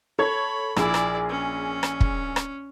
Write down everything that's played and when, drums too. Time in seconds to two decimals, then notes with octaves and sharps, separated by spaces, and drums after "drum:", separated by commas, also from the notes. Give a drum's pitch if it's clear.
0.19 A4 C#5 B5 G#6
0.76 A#1 E4 G#4 D5, drum: rim click
0.94 drum: rim click
1.29 C#4
1.83 drum: rim click
2.00 drum: kick
2.36 drum: rim click